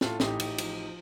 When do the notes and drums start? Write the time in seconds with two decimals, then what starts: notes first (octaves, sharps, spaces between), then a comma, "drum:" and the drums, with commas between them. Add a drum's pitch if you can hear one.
0.01 A2 F4 A4, drum: snare
0.20 A1 D#4 G4, drum: snare
0.40 A1, drum: cymbal
0.58 F3, drum: cymbal